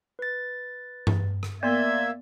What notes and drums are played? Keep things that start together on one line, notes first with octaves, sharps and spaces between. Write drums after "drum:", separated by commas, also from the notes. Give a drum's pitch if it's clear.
B4 A6
drum: tom G2
drum: rim click
A#3 B3 D5 E5 C6 G#6